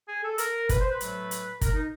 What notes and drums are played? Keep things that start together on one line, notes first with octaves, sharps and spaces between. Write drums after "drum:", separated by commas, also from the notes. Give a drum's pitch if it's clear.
G#4
A4
A#4, drum: hi-hat
B4, drum: kick G1, hi-hat
C5
B4
A2 F#3 A3, drum: hi-hat
drum: hi-hat
A#4, drum: kick G1, hi-hat
D#4